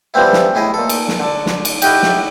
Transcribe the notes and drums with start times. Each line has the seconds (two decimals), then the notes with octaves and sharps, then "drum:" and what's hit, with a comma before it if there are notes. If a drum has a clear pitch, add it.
0.14 E3 F3 G3 B3 C4 E4
0.33 drum: snare
0.55 A2 E4 G#4 D#5
0.74 A#2 A4
0.89 drum: cymbal
1.08 drum: snare
1.20 D3 A5
1.46 drum: snare
1.65 drum: cymbal
1.82 E4 F#4 G4 D#5 G5, drum: cymbal
2.03 drum: snare